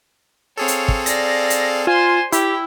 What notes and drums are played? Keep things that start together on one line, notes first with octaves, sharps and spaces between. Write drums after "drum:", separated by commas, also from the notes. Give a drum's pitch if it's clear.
C4 G#4 A4 C#5 F5
drum: hi-hat
drum: kick
D5 F5 A#6, drum: hi-hat
drum: hi-hat
F4 C5 G#5 C6
E4 G4 G5, drum: hi-hat